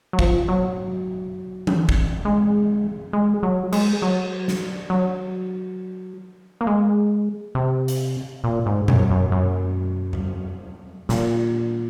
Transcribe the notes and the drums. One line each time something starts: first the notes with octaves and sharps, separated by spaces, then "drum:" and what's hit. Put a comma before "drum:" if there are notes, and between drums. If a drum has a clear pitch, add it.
F#3
F3, drum: kick
F#3
drum: tom E3
drum: kick
G#3
G#3
F#3
G#3, drum: cymbal
F#3
drum: snare
F#3
A#3
G#3
C3
drum: hi-hat
A#2
G#2
F#2, drum: tom A#2
F#2
F#2
drum: tom E2
A#2, drum: snare